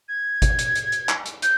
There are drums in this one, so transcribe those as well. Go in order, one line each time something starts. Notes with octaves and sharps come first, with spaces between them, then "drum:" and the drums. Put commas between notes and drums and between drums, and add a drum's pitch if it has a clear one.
G#6
drum: kick G#1, hi-hat
drum: hi-hat
drum: hi-hat
drum: hi-hat
drum: clap
drum: hi-hat
G6, drum: hi-hat